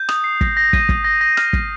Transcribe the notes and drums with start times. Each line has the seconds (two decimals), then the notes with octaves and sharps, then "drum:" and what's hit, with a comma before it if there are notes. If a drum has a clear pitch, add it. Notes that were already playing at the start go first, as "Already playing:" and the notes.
Already playing: G6
0.09 D#6, drum: rim click
0.24 C7
0.41 A#6, drum: kick
0.57 A#6
0.73 D#7, drum: kick
0.89 A#6, drum: kick
1.04 A#6
1.21 A#6
1.37 F6, drum: rim click
1.53 F6, drum: kick